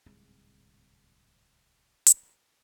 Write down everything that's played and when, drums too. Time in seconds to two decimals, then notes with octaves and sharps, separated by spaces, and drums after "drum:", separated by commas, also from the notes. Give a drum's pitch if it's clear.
0.06 D1 C2 G#2 G#3
2.06 drum: hi-hat